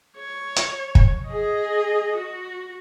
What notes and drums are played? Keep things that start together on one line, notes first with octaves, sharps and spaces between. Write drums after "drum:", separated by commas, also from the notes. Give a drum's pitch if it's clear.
C#5
drum: hi-hat
drum: kick
G#4 D#5
F#4